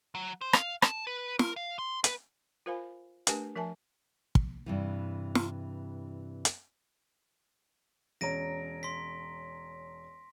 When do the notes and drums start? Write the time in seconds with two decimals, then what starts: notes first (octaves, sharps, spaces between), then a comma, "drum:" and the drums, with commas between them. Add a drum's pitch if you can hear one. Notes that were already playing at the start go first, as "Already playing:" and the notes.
0.15 F#3
0.41 C5
0.53 F5, drum: rim click
0.82 A5, drum: rim click
1.07 B4
1.39 A#4, drum: snare
1.56 F5
1.79 C6
2.04 B4, drum: hi-hat
2.66 F4 A#4 C5 F5 G#5 B5
3.27 A3 D4 G4 A#4 B4 G#5, drum: hi-hat
3.56 F3 A#4 E5 G#5 A5
4.35 drum: kick
4.66 G2 C3 E3
5.35 drum: snare
6.45 drum: hi-hat
8.21 E1 C#4 A#5 A#6 D7 D#7
8.83 C6 B6